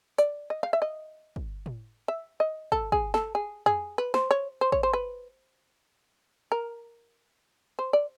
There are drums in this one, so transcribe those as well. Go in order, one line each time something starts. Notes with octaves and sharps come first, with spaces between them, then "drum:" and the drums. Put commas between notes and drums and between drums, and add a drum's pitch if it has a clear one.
D5, drum: hi-hat
D#5
F5, drum: rim click
E5
D#5
drum: kick
drum: tom A2
E5
D#5
A4, drum: kick
G#4, drum: kick
A4, drum: snare
G#4
G#4, drum: tom F2
B4
C5, drum: snare
C#5
C5
C#5, drum: kick
C5
B4
A#4
C5
D5